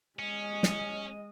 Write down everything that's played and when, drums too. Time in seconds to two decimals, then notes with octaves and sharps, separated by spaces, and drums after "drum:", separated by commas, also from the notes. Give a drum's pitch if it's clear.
0.19 G#3 C#4 D#5
0.63 drum: snare